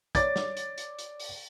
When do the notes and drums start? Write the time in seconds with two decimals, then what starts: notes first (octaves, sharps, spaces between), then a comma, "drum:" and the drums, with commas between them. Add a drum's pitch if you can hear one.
0.15 C#5 D5 D6 A6, drum: kick, hi-hat
0.36 drum: snare
0.57 drum: hi-hat
0.78 drum: hi-hat
0.99 drum: hi-hat
1.20 drum: open hi-hat